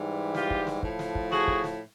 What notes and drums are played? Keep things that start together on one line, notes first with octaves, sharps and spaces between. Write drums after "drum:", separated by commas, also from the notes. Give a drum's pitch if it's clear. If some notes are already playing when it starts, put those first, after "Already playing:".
Already playing: G#2 E3 G3
F4 G4, drum: snare
drum: kick
drum: snare
A2 F3, drum: kick
drum: snare
drum: kick
F#4 G#4, drum: snare
drum: kick
drum: snare